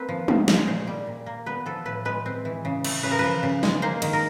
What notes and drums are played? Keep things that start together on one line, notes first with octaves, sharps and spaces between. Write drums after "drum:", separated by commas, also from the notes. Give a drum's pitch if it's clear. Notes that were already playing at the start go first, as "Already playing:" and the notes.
Already playing: A#3 C4 B4
F3
C#3, drum: tom
G#3, drum: snare
A#2 C5
G3
A#2
A#3
B3 B4
F3 A4
A2 B4
G#3 B4
C4
E3
C#3
A3, drum: cymbal
C#3 B4
A#4
B4
F3
C#3
G#3, drum: snare
A#3 C5
D#3, drum: cymbal
A#4